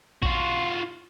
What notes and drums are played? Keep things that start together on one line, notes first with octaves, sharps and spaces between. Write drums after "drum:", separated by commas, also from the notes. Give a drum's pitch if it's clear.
F4 F#4, drum: kick A#1